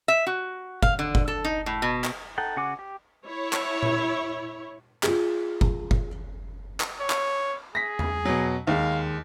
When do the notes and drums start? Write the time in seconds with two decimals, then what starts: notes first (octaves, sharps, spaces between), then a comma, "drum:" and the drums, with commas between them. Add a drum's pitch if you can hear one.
0.08 E5
0.27 F#4
0.82 F5, drum: kick F#1
0.99 D3
1.15 drum: kick F#1
1.28 A4
1.45 D#4
1.66 A2
1.82 B2
2.04 drum: clap
2.38 D#4 A4 F#5 G5
2.57 C#3 F#4 F#5 G#5 D6
2.79 G4
3.26 E4 C#5
3.53 drum: clap
3.83 drum: tom A#2
5.03 F4 G#4, drum: clap
5.61 drum: kick F#1
5.91 drum: kick F#1
6.80 drum: clap
7.01 C#5
7.10 drum: clap
7.75 G#4 A#6 B6
7.99 drum: tom E2
8.25 B2 F#3
8.67 D#2 G#3 F5